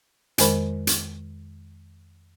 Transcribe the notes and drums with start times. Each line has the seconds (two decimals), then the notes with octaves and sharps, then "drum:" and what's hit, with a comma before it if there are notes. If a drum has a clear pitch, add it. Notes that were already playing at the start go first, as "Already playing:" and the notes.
0.38 F2 D#3 G#3 A#4 C5 B5, drum: hi-hat
0.87 drum: hi-hat